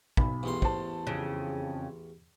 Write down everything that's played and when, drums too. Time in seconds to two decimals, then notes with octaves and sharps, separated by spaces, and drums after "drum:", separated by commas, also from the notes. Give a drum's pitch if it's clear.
0.17 B1 B5, drum: kick
0.43 A1 E2 C6
0.62 C5 A5, drum: kick
1.07 F2 C#3